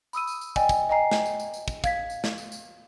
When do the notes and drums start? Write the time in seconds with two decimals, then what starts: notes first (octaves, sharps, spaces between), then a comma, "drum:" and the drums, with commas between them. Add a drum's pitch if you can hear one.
0.13 B5 D#6 E6 D#7, drum: tambourine
0.27 drum: tambourine
0.41 drum: tambourine
0.56 D5 D#5 G5 G#5, drum: kick, tambourine
0.69 drum: kick, tambourine
0.89 D#5 G5 G#5 A#5 C7
1.11 drum: snare
1.26 drum: tambourine
1.40 drum: tambourine
1.54 drum: tambourine
1.68 drum: kick, tambourine
1.84 F5 G#6 B6, drum: kick, tambourine
2.10 drum: tambourine
2.24 drum: snare
2.38 drum: tambourine
2.52 drum: tambourine